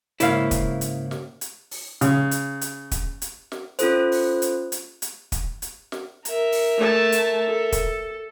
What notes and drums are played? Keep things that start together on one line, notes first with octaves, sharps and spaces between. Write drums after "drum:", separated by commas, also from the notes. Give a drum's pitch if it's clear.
G#2 C#3 A#3 E4 F5, drum: hi-hat
drum: kick, hi-hat
drum: hi-hat
drum: snare
drum: hi-hat
drum: open hi-hat
C#3, drum: hi-hat
drum: hi-hat
drum: hi-hat
drum: kick, hi-hat
drum: hi-hat
drum: snare
C#4 F4 A4 C5, drum: hi-hat
drum: open hi-hat
drum: hi-hat
drum: hi-hat
drum: hi-hat
drum: kick, hi-hat
drum: hi-hat
drum: snare
A#4 E5, drum: hi-hat
drum: open hi-hat
A3 A5
drum: hi-hat
A4
drum: kick, hi-hat